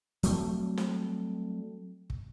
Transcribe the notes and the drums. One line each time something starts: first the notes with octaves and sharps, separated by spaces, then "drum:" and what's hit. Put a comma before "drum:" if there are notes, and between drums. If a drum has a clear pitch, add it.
F#3 G3 A3 C4, drum: hi-hat
drum: snare
drum: kick